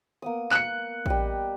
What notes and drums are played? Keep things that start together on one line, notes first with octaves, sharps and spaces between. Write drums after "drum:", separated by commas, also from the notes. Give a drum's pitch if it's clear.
A#3 B3 D#6
F#6 C#7, drum: clap
G3 D#5 G5, drum: kick